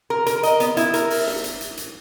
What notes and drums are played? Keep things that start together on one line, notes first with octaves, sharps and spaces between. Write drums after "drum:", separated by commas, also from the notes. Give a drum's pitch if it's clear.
A#4
A#4, drum: hi-hat
D#5, drum: hi-hat
B3, drum: hi-hat
E4, drum: hi-hat
A#4, drum: hi-hat
drum: open hi-hat
drum: snare
drum: hi-hat
drum: hi-hat
drum: hi-hat